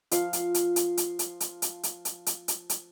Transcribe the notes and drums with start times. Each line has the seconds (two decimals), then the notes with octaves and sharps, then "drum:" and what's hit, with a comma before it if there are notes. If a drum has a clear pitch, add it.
0.11 F3 F5, drum: hi-hat
0.33 drum: hi-hat
0.54 drum: hi-hat
0.76 drum: hi-hat
0.97 drum: hi-hat
1.19 drum: hi-hat
1.40 drum: hi-hat
1.62 drum: hi-hat
1.83 drum: hi-hat
2.05 drum: hi-hat
2.26 drum: hi-hat
2.48 drum: hi-hat
2.69 drum: hi-hat